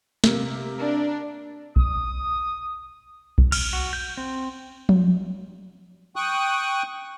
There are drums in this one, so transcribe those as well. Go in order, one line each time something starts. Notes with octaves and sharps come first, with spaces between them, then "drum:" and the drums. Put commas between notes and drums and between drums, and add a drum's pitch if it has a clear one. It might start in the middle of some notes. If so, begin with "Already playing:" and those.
C3 A#3, drum: snare
D4 A#4
D#6, drum: kick B1
drum: kick B1
F6, drum: cymbal
F#4
G6
C4
drum: tom F3
G5 C#6 D#6 F#6